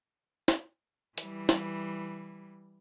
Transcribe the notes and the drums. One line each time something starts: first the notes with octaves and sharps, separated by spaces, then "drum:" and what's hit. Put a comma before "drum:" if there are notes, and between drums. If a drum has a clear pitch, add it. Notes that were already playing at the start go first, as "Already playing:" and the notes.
drum: snare
E3 G3, drum: hi-hat
drum: snare